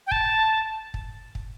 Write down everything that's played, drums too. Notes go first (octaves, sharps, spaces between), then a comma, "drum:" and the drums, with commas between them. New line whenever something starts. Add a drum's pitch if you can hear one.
G5
A5, drum: kick
drum: kick
drum: kick